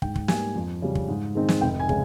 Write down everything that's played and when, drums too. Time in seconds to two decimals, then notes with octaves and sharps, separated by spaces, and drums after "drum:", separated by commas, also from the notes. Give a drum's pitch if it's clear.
0.02 G#2 G5, drum: kick
0.16 drum: kick
0.28 G3 A#3 G#5, drum: snare
0.56 F2
0.82 C#3 G3
0.95 drum: kick
1.08 G#2
1.35 D#3 G#3 C4 D#4
1.49 drum: snare
1.61 F1 G5
1.80 G#5
1.89 C#3 G#3, drum: kick